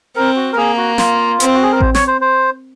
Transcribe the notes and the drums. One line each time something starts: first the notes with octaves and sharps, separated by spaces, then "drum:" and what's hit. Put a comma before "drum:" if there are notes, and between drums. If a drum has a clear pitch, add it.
C4 A#4
F#4
A#4
A#3 G#4
F#4
F4, drum: snare
C4, drum: hi-hat
F#4
G#4
A#4
C5, drum: kick A1
C#5, drum: snare
C5
C5